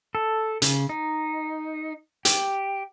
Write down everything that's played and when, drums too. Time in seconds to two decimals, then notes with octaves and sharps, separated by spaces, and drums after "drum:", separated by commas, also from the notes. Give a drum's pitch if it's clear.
0.15 A4
0.62 C#3, drum: hi-hat
0.89 D#4
2.25 G4, drum: hi-hat